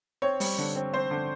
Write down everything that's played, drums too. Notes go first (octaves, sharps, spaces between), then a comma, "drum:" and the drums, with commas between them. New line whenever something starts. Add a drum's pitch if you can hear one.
C4 C#5
G3, drum: open hi-hat
D3
C4
C4 C5
D3